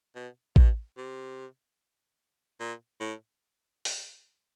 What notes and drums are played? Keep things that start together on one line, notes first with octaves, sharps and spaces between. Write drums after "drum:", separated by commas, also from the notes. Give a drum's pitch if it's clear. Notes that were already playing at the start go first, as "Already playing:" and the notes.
B2
B2, drum: kick
C3
A#2
A2
drum: open hi-hat